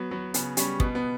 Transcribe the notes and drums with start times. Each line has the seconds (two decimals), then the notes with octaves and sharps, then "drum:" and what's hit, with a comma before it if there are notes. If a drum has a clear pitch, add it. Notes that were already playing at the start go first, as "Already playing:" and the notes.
Already playing: F#3 B3
0.11 F#3 B3
0.34 C#3 B3, drum: hi-hat
0.57 G3 C#4, drum: hi-hat
0.80 B2 B3, drum: kick
0.95 B3